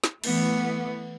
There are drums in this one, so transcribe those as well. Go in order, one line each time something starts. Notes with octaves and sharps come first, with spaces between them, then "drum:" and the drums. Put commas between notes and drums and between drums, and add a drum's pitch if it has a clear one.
drum: snare
E3 A3 B3, drum: cymbal